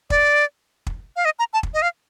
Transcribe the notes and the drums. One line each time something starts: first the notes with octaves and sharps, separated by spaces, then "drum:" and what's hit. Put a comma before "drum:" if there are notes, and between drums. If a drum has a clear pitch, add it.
D5, drum: kick
drum: kick
F5
D#5
A#5
A5
drum: kick
D#5
F5